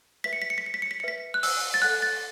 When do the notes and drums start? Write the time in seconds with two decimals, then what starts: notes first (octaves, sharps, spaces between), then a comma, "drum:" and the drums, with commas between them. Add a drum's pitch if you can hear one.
0.24 B4 E5 B6
0.33 C#7
0.42 B6
0.50 C#7
0.58 B6
0.66 C#7
0.74 B6
0.82 C#7
0.91 B6
1.00 C#7
1.04 B4 E5 B6
1.34 F#6
1.43 E6, drum: open hi-hat
1.74 A6
1.82 A4 F#5 F#6
2.02 A6